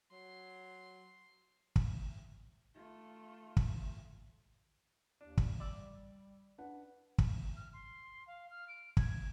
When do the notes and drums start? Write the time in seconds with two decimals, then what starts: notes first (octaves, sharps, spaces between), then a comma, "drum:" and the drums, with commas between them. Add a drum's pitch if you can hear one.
0.12 F#3 C6
1.76 drum: kick
2.74 A3 F4
3.57 drum: kick
5.21 D#2 D4
5.38 drum: kick
5.60 G3 D5 D6 E6
6.58 D4 B4 F#5
7.18 drum: kick
7.57 F6
7.73 C6
8.27 F5
8.51 F6
8.68 D7
8.97 G#6, drum: kick